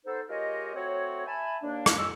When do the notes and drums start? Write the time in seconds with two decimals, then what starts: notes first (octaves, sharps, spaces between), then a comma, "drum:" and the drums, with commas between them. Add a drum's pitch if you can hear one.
0.06 B3 D#4 A4 C5
0.29 G#3 F4 G4 A#4 C#5 D#5
0.75 F#3 A3 C4 F#4 C5 C#5
1.27 E5 G#5 A5 B5
1.62 D#2 A#3 D4
1.86 drum: rim click
1.97 G#3 F#4 E6